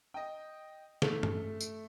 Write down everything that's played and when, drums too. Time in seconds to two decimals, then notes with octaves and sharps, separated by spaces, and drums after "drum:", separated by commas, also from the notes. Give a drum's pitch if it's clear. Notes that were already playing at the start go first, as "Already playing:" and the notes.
0.14 D#5 G5
1.02 A3, drum: snare
1.23 drum: tom G2
1.60 drum: tambourine